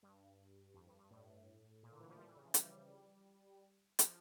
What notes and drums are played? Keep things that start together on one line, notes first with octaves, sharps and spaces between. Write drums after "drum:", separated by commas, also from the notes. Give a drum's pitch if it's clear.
G2
F2
G2
G2
A2
A#2
D3
E3
F3
G3
E3
C#3
F3
G3, drum: hi-hat
F3, drum: hi-hat